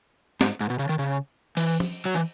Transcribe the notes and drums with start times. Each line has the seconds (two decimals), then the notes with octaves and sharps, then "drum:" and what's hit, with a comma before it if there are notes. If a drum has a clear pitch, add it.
0.41 G#2, drum: snare
0.61 G#2
0.70 B2
0.79 C#3
0.89 D#3
0.99 C#3
1.57 E3, drum: cymbal
1.80 drum: tom F3
2.05 F#3
2.15 E3